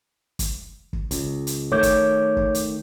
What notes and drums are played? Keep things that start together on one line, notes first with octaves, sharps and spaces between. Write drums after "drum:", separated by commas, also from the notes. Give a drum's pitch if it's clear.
drum: kick, hi-hat
drum: kick
C#2, drum: hi-hat
drum: hi-hat
D#3 A3 C#5 D6 G6
drum: kick, hi-hat
drum: kick
drum: hi-hat